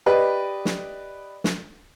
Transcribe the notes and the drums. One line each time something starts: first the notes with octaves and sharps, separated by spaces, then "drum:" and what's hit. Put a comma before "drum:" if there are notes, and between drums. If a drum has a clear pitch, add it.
G4 B4 D5 D#5
drum: snare
drum: snare